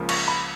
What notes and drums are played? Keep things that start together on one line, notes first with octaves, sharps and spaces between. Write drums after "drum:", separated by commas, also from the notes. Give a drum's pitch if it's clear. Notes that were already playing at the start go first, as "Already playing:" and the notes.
Already playing: C#2 C#3 F3 A#3
C#6, drum: cymbal
B5